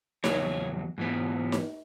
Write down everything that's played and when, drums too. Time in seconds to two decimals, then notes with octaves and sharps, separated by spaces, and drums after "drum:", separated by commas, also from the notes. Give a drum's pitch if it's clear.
0.24 E2 C#3 F#3 C#5, drum: snare D#4
0.98 G#2 E3 B3
1.52 drum: snare D#4